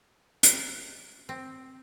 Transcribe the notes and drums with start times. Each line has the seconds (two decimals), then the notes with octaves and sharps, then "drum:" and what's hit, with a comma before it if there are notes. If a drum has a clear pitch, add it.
0.43 drum: hi-hat
1.29 C4